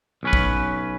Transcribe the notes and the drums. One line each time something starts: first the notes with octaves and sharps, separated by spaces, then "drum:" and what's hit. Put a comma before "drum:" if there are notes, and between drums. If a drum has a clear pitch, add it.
B1 C#4 B4
drum: kick